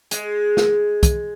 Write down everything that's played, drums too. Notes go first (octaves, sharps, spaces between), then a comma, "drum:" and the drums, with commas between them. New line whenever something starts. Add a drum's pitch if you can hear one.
G#3, drum: hi-hat
drum: snare
drum: kick, hi-hat